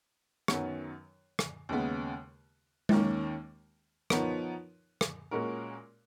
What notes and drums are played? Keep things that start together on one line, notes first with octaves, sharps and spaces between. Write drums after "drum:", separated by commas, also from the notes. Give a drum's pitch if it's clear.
F#2 D#3 F#3 B3, drum: rim click
drum: rim click
D#2 C#3 G#3 B3
D#2 D#3 A#3 C#4, drum: tom G#3
F3 B3 D#4 A#4 C#5, drum: rim click
drum: rim click
A#2 G#3 C#4 F#4 A#4